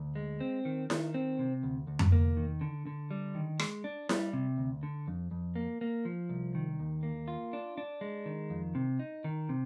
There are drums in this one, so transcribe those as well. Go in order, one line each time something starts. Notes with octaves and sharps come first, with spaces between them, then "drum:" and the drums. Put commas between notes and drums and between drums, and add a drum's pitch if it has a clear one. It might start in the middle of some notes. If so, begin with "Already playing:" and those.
Already playing: D2
G#3
C4
D#3
D#3, drum: snare E4
C4
C3
D2
D2
drum: tom F2
A#3
D#3
D3
D3
G3
D#3
G#3, drum: rim click
D4
G3, drum: snare E4
C3
D2
D3
F2
F2
A#3
A#3
F3
C2
D#3
D#2
A#3
F4
D4
D4
G#3
D#3
F2
C3
D#4
D#3
C3